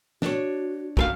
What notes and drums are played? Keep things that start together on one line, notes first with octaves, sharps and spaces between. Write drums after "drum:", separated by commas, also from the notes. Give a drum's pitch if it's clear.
D4 F#4 C#5, drum: snare
F#2 A#4 F5, drum: kick